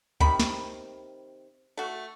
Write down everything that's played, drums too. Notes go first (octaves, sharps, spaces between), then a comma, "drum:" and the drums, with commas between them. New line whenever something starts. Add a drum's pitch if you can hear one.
C3 D#3 B5, drum: kick D2
drum: snare
A3 F#4